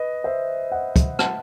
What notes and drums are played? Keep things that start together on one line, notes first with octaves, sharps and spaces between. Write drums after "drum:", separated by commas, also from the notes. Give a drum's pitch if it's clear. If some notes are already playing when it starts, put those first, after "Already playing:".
Already playing: B4 D#5
C5 E5
D#5 F#5
drum: kick, hi-hat
F#5 A5, drum: rim click